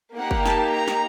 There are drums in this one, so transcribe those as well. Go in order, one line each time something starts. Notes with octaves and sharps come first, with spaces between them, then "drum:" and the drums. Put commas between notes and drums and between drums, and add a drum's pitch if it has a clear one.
A#3 D#4 G4 F#5
drum: kick F#1
A5, drum: snare
A#5
drum: snare